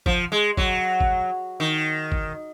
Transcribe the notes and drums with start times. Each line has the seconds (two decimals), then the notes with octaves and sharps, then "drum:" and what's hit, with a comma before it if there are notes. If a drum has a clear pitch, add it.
0.06 F3, drum: kick
0.32 G#3
0.57 F#3, drum: kick
1.00 drum: kick
1.60 D#3
2.12 drum: kick